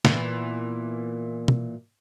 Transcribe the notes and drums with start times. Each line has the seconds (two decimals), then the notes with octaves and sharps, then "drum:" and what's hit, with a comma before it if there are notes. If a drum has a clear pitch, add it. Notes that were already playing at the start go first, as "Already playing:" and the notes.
0.05 A#2 E3 B3, drum: snare
1.48 drum: tom